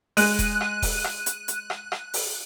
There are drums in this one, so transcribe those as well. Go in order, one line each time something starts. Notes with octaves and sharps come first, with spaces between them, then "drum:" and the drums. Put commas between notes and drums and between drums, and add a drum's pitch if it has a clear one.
G#3 F#6 D#7, drum: open hi-hat
drum: kick E1, hi-hat
drum: rim click
drum: kick E1, open hi-hat
drum: rim click
drum: hi-hat
drum: hi-hat
drum: rim click
drum: rim click
drum: open hi-hat